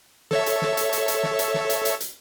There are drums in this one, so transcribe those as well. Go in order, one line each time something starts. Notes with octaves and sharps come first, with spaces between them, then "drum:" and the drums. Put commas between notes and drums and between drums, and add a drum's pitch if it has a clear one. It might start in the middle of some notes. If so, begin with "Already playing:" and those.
A4 C#5 E5, drum: snare
drum: hi-hat
drum: snare
drum: hi-hat
drum: hi-hat
drum: hi-hat
drum: snare
drum: hi-hat
drum: snare
drum: hi-hat
drum: hi-hat
drum: hi-hat